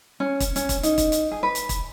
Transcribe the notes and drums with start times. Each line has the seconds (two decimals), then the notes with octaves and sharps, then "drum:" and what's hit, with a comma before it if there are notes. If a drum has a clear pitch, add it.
0.20 C#4
0.40 drum: kick, hi-hat
0.56 C#4, drum: hi-hat
0.69 drum: kick, hi-hat
0.83 D#4, drum: hi-hat
0.98 drum: kick, hi-hat
1.12 drum: hi-hat
1.31 G#4
1.43 B4
1.55 drum: hi-hat
1.69 drum: kick, hi-hat